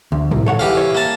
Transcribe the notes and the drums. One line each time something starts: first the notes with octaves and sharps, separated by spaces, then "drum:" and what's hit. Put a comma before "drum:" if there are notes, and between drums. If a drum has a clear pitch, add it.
D2
C2, drum: tom
A4 C#5 F#5
E3 G4 F5
C#5
A#3 A5